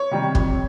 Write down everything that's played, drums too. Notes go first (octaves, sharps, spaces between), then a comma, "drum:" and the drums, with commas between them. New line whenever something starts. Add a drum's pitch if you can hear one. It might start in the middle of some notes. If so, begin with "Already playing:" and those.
Already playing: C#5
C3 D#3 G3
F2, drum: kick